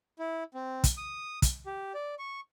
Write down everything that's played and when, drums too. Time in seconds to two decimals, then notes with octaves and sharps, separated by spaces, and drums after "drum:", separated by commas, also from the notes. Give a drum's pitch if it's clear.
0.19 E4
0.54 C4
0.84 drum: kick, hi-hat
0.97 D#6
1.42 drum: kick, hi-hat
1.66 G4
1.94 D5
2.19 C#6